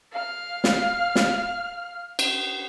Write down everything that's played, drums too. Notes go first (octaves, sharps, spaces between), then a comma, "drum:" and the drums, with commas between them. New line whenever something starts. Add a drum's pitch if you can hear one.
F5 F6
drum: snare
drum: snare
drum: cymbal